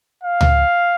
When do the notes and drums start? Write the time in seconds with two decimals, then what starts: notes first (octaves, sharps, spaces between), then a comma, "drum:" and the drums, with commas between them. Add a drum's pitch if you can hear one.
0.23 F5
0.41 drum: tom C#2